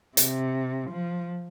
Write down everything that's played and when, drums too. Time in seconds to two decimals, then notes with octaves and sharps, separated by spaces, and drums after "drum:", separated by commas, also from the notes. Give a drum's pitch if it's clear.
0.17 C3, drum: hi-hat
0.91 F3